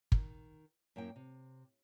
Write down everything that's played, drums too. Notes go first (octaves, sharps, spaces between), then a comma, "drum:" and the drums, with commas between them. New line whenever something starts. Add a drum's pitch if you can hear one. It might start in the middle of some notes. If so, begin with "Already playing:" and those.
D#3, drum: kick
F#2 A#3 E4 G5
C3